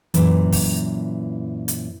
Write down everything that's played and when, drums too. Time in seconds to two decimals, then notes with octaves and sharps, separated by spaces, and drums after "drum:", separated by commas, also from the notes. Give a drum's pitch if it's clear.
0.14 F#2 A#2 E3, drum: hi-hat
0.52 drum: kick, open hi-hat
1.68 drum: hi-hat